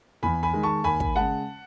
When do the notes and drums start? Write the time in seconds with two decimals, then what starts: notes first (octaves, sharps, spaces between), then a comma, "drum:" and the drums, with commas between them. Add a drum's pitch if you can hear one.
0.23 E2 G#5 B5
0.43 G#5 B5
0.53 D#3 G#3
0.63 A5 C#6
0.84 D#2 G#5 B5
1.00 drum: kick
1.16 C#3 G#3 F#5 A5